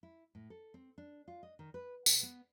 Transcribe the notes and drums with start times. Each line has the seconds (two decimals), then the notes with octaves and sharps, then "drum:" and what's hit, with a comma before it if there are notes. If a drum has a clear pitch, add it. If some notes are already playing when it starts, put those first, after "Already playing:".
0.03 E4
0.35 A2
0.50 A4
0.74 C4
0.98 D4
1.28 F4
1.43 D#5
1.59 D#3
1.74 B4
2.06 B2, drum: tambourine
2.23 B3